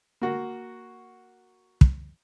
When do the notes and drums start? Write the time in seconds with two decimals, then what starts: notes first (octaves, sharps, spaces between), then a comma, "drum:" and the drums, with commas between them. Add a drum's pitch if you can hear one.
0.22 A#3 F#4
1.81 drum: kick